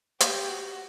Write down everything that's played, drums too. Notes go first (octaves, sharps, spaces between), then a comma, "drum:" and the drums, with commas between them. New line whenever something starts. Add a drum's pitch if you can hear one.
G4, drum: hi-hat
F#4